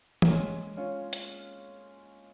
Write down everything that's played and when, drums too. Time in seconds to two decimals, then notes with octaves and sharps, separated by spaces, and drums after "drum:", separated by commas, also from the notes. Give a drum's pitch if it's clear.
0.22 A#3, drum: tom
0.28 G#3 C#4
0.77 C#4 F4
1.13 drum: hi-hat